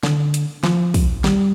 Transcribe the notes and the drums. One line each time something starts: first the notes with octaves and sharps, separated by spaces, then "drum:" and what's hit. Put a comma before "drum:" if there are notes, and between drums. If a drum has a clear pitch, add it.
D3, drum: snare
drum: hi-hat
F3, drum: snare
drum: kick, open hi-hat
G3, drum: snare